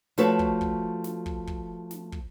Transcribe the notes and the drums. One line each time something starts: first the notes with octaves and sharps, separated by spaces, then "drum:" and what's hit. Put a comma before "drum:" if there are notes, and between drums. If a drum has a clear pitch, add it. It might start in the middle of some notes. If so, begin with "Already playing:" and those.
F3 A3 F#4 A4 B4 C#5, drum: snare
drum: kick
drum: kick
drum: snare
drum: kick
drum: kick
drum: snare
drum: kick